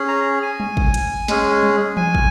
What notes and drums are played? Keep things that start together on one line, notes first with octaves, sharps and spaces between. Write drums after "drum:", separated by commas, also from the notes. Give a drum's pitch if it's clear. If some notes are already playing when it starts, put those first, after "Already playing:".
Already playing: C#4 G#4
A#5
G#5
drum: tom G3
drum: kick
drum: hi-hat
G#3 C#4 G#4, drum: snare
drum: tom G3
G#5, drum: tom E3
drum: kick